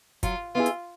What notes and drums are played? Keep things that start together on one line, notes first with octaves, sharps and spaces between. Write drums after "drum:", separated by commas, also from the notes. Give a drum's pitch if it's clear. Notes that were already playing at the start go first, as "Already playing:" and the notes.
F#3 F4, drum: kick F#1, hi-hat
B3 E4 F4 G#4
drum: hi-hat